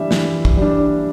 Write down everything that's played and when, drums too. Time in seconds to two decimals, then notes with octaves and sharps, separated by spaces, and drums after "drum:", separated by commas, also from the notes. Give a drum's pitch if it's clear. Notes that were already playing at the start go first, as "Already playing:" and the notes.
Already playing: E3 G3 D4 E5
0.11 E3, drum: snare
0.45 drum: kick
0.57 G3 D4